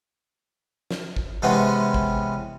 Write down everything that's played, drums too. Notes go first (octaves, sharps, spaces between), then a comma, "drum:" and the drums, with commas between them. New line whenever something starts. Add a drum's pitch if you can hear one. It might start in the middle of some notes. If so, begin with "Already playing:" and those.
drum: snare
drum: kick G#1
C3 E3 G#3 B3 C#4
drum: kick G#1